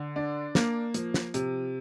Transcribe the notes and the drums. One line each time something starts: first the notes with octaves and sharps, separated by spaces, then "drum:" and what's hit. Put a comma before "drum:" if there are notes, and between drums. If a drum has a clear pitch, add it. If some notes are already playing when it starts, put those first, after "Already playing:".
Already playing: D3
D4
A#3, drum: snare
F3, drum: hi-hat
drum: snare
C3, drum: hi-hat